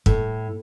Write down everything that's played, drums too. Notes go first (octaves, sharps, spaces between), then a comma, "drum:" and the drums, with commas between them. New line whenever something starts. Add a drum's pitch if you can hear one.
A2, drum: kick